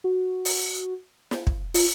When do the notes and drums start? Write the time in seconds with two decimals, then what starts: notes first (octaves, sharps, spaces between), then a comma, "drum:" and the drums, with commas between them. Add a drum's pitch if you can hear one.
0.04 F#4
0.45 drum: open hi-hat
1.31 drum: snare
1.47 drum: kick
1.74 F4, drum: open hi-hat